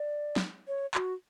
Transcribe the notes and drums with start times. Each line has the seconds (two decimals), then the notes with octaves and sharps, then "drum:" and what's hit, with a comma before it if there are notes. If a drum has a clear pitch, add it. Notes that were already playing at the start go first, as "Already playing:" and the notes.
Already playing: D5
0.36 drum: snare
0.67 C#5
0.95 F#4, drum: clap